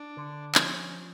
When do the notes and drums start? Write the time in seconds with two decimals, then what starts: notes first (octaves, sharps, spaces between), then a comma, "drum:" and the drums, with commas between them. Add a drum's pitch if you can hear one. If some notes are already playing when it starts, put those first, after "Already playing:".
Already playing: D4
0.17 D3
0.55 F3 C#4, drum: clap